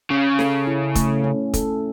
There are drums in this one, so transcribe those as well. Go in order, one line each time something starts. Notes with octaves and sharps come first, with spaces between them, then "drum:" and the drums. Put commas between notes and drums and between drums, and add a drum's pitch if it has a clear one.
C#3 C#4
A4, drum: snare
E4
A3, drum: kick, hi-hat
C#4
A4, drum: kick, hi-hat